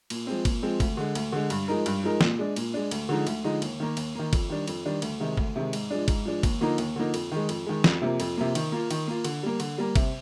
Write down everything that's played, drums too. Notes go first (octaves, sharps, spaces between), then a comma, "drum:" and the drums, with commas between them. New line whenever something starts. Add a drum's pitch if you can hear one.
A#2, drum: cymbal
F3 G#3 C4
A#2, drum: kick G1, cymbal
F3 G#3 C4
D2, drum: kick G1, cymbal
D3 G#3
D2, drum: cymbal
D3 G#3
G2, drum: cymbal
F3 G#3 D#4 A#4
G2, drum: cymbal
F3 G#3 D#4 A#4
A#2, drum: snare
G#3 D4
A#2, drum: cymbal
G#3 D4
D2, drum: cymbal
D3 F3 G#3 D#4
D2, drum: cymbal
D3 F3 G#3 D#4
D#2, drum: cymbal
D#3 A#3
D#2, drum: cymbal
D#3 A#3
F2, drum: kick G1, cymbal
D#3 G3 D4
F2, drum: cymbal
D#3 G3 D4
D2, drum: cymbal
C3 D#3 G#3
D2, drum: kick G1
C3 D#3 G#3
G#2, drum: cymbal
F3 G#3 D4
G#2, drum: kick G1, cymbal
F3 G#3 D4
D#2, drum: kick G1, cymbal
D3 F3 A#3 D#4
D#2, drum: cymbal
D3 F3 A#3 D#4
F2, drum: cymbal
D#3 G#3
F2, drum: cymbal
D#3 G#3
F2, drum: snare
C3 F3 A#3
F2, drum: cymbal
C3 F3 A#3
D#3, drum: cymbal
A#3 F4
D#3, drum: cymbal
A#3 F4
D3, drum: cymbal
G3 A#3
D3, drum: cymbal
G3 A#3
C3, drum: kick G1, cymbal